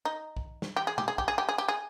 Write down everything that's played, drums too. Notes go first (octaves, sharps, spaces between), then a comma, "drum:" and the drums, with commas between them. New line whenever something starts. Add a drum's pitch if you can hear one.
D#4
drum: kick
drum: snare
G4
G#4
G4, drum: tom B2
G#4
G4, drum: kick
G#4
G4
G#4
G4
G#4